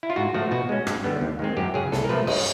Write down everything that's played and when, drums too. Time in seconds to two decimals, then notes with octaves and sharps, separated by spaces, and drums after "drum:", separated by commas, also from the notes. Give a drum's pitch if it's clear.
0.03 E4
0.10 F4
0.16 G#2 F#4
0.34 F3 A3 F#4
0.51 B2 F#4
0.69 G#3 C#4
0.87 G2, drum: rim click
1.04 D3 G3 B3
1.21 D#2
1.39 D#3 G#3 C4
1.57 F#2 G4
1.74 C#3 F#3 G#4
1.92 C2 A4, drum: snare
2.04 A#4
2.09 C3 F3 A3 B4
2.27 G2 D#5, drum: cymbal